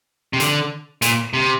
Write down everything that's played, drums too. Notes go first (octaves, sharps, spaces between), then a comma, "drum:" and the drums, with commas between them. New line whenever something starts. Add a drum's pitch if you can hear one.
C3
D3, drum: hi-hat
A#2, drum: hi-hat
C3